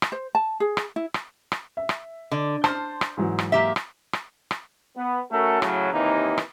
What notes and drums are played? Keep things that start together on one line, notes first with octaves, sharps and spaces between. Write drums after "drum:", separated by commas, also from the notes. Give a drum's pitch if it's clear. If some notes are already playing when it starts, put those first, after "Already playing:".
drum: rim click
C5
A5
G#4
drum: rim click
E4
drum: rim click
drum: rim click
E5
drum: rim click
D3 D5
C5 A5 C6 F6, drum: rim click
drum: rim click
G#2 E3 F#3
drum: rim click
A#3 G4 E5
drum: rim click
drum: rim click
drum: rim click
B3
A3 C#4 F#4 A4 A#4
A2 C#3 F#3, drum: rim click
D#2 C3 E3 A#3 D#4
drum: rim click